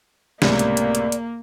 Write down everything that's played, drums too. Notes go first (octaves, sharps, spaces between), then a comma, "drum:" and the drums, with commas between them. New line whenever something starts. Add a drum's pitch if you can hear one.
C#2 A2 C3 A#3 D5, drum: snare
drum: hi-hat
drum: hi-hat
drum: hi-hat
drum: hi-hat